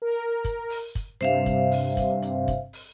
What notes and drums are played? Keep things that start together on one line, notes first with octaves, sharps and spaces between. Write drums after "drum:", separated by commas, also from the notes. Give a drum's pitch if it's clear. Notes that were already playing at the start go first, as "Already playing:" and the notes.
A#4
drum: kick, hi-hat
drum: open hi-hat
drum: kick, hi-hat
G2 C3 C5 E5 F5, drum: hi-hat
drum: kick, hi-hat
drum: open hi-hat
drum: kick, hi-hat
drum: hi-hat
drum: kick, hi-hat
drum: open hi-hat